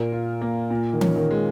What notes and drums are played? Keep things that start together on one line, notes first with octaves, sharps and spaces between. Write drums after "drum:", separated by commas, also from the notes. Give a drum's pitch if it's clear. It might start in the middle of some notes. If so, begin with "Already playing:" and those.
Already playing: A#2 A#4
F4
A#3
A#2
D#3
C#4, drum: tom E3
D#3
G#3